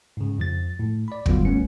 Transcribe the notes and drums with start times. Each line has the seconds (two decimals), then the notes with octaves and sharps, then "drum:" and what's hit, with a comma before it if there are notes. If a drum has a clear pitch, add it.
0.17 G#2 C#3
0.38 F2 F3 A6
0.79 A2
1.08 D5 B5
1.26 G2 D3 F#3 G3 B3 F4, drum: kick
1.45 C2 G3 A3 B3 C#4 C#7